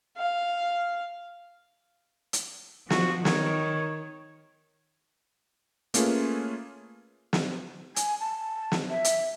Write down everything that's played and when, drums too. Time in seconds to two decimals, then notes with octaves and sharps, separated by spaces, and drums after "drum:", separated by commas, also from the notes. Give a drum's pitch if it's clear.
0.17 F5
2.33 drum: hi-hat
2.90 F3 F#4, drum: snare
3.25 D#3 C#5, drum: snare
5.94 A3 A#3 C#4 F4 G#4 B4, drum: hi-hat
7.33 drum: snare
7.96 G#5, drum: hi-hat
8.20 A5
8.72 drum: snare
8.90 E5
9.04 drum: hi-hat